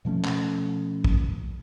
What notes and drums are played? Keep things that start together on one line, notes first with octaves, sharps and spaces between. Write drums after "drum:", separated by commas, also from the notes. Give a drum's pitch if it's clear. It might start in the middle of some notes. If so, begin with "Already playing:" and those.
B2 F3 A3 C#4
drum: clap
drum: kick